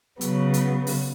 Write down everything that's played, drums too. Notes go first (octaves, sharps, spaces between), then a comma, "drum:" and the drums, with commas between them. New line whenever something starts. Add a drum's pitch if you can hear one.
C#3 F#3 B3, drum: hi-hat
drum: hi-hat
drum: open hi-hat